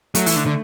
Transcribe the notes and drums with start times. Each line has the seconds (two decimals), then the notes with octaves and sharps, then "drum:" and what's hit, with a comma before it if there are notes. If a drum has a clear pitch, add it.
0.15 F#3 A3, drum: hi-hat
0.26 E3, drum: open hi-hat
0.36 D3
0.46 D3